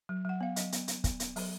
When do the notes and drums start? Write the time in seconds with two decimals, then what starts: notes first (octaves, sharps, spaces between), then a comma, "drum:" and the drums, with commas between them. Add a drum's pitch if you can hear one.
0.09 F#3
0.25 F#3 F#5
0.41 B3 F5
0.56 F#3 D#5, drum: hi-hat
0.72 B3, drum: hi-hat
0.88 B3, drum: hi-hat
1.04 B3, drum: kick, hi-hat
1.20 B3, drum: hi-hat
1.36 F#3, drum: open hi-hat